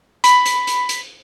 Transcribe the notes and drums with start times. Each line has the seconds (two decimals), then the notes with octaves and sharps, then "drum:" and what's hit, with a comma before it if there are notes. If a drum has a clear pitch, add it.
0.24 B5, drum: hi-hat
0.46 drum: hi-hat
0.67 drum: hi-hat
0.89 drum: hi-hat